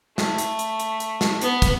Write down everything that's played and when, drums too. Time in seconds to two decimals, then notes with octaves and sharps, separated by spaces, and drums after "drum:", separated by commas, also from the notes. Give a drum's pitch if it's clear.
0.18 A3, drum: snare
0.38 drum: hi-hat
0.59 drum: hi-hat
0.80 drum: hi-hat
1.00 drum: hi-hat
1.21 drum: snare
1.41 B3, drum: hi-hat
1.62 drum: kick, hi-hat